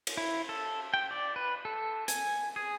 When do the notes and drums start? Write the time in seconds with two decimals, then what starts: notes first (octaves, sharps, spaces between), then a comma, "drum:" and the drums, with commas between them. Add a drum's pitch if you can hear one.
0.07 drum: cymbal
0.17 E4
0.49 A4
0.94 G5
1.11 D5
1.36 B4
1.65 A4
2.08 G#5, drum: hi-hat
2.56 G#4